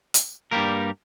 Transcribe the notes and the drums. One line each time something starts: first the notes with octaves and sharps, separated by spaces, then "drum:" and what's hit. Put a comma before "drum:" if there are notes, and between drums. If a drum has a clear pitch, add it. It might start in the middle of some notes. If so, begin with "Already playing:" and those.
drum: hi-hat
G2 G3 A#3 G4 A#4